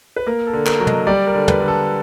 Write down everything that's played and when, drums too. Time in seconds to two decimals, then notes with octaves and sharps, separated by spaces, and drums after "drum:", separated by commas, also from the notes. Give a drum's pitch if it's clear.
0.16 B4
0.27 A#3 A#4
0.47 A4
0.53 D3
0.66 A#4, drum: clap
0.80 F#3
0.87 D#5, drum: tom
1.07 G3 D5
1.27 A#4
1.34 D3
1.48 B4, drum: tom
1.60 D3
1.68 A4